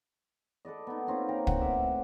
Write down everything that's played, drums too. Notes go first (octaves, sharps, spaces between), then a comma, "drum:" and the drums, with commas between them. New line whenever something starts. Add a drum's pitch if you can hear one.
A4 B4 D5 D#5
B3 D#4
A#3 C4 C#4 F4
A#4 F5 G5
F#5, drum: kick
A2 E5 D6